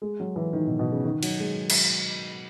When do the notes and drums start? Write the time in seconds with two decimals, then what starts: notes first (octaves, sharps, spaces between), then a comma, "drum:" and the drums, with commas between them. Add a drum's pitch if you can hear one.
0.02 G#3
0.20 F#3
0.36 E3
0.53 D#3
0.67 B2
0.79 B2
0.92 C#3
1.04 D#3
1.23 F#3, drum: cymbal
1.40 G#3
1.70 drum: cymbal